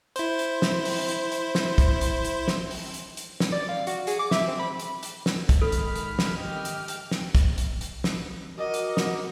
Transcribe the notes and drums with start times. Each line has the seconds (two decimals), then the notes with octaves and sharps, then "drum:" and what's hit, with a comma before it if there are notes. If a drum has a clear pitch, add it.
0.16 E4 C5, drum: hi-hat
0.39 drum: hi-hat
0.62 drum: snare
0.85 drum: open hi-hat
1.09 drum: hi-hat
1.32 drum: hi-hat
1.55 drum: snare
1.78 drum: kick, hi-hat
2.01 drum: hi-hat
2.24 drum: hi-hat
2.48 drum: snare
2.71 drum: open hi-hat
2.94 drum: hi-hat
3.17 drum: hi-hat
3.40 drum: snare
3.52 D5
3.69 F5
3.87 F#4, drum: hi-hat
4.07 G#4, drum: hi-hat
4.19 D6
4.31 E5, drum: snare
4.48 C4
4.59 B5
4.80 drum: hi-hat
5.03 drum: hi-hat
5.26 drum: snare
5.49 drum: kick, hi-hat
5.61 G#2 D#3 A4 B5 F6
5.72 drum: hi-hat
5.95 drum: hi-hat
6.19 drum: snare
6.36 G4 D#5 G5 F6
6.65 drum: hi-hat
6.88 drum: hi-hat
7.11 drum: snare
7.35 drum: kick, hi-hat
7.58 drum: hi-hat
7.81 drum: hi-hat
8.04 drum: snare
8.58 F#4 A#4 D#5 F#5 D6
8.74 drum: hi-hat
8.97 drum: snare